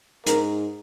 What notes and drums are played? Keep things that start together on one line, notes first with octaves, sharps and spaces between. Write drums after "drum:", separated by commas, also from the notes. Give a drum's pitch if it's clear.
G#2 A#4, drum: hi-hat